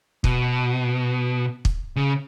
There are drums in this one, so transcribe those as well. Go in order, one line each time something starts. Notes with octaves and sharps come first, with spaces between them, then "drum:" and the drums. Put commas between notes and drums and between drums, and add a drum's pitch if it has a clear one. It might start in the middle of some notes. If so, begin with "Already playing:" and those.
B2, drum: kick
drum: kick
C#3